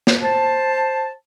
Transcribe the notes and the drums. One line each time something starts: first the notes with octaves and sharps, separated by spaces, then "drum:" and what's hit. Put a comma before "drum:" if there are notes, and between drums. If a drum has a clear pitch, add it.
drum: snare
C5 A5